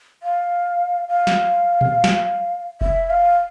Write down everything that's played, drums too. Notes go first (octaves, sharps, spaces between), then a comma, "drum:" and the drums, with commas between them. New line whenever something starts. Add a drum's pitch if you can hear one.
F5
F5
drum: snare
drum: tom A#2
drum: snare
E5, drum: kick F1
F5